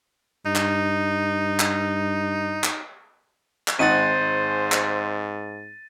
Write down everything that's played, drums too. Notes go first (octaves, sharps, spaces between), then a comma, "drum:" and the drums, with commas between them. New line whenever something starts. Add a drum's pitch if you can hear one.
G2 D#4
drum: clap
drum: clap
drum: clap
drum: clap
G#1 G#3 D#4 C5 F#5 A6 D#7
G#2
drum: clap